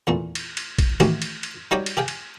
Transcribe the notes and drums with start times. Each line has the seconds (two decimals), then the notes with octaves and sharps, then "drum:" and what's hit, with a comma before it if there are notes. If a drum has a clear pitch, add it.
0.07 E2 A#2 A3
0.35 drum: cymbal
0.57 drum: cymbal
0.79 drum: kick, cymbal
1.00 A1 D2 D#3 G#3 F#4 G4, drum: cymbal
1.22 drum: cymbal
1.43 drum: cymbal
1.71 G3 D#4 F#4 C#5 D5 G5
1.86 drum: cymbal
1.97 G4 G#4 F5 G5
2.08 drum: cymbal